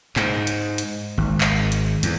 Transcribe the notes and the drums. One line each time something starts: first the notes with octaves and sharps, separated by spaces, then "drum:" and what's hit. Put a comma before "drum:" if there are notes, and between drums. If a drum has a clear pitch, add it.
G#2, drum: clap
drum: hi-hat
drum: hi-hat
G#1
drum: clap
drum: hi-hat
E2, drum: hi-hat